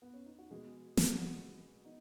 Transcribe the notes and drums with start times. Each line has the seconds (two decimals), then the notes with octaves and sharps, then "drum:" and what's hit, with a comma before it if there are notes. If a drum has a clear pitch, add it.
0.02 B3
0.14 C#4
0.26 D#4
0.39 F#4
0.50 B2 G#3 B3 G#4
0.97 drum: snare
1.11 G#4
1.17 B2 G#3 B3 F#4
1.85 B3 D#4